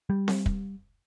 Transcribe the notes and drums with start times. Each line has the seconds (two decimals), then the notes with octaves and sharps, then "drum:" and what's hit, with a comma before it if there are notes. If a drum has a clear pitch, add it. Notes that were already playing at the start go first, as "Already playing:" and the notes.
0.10 G3
0.28 drum: snare C4
0.46 drum: kick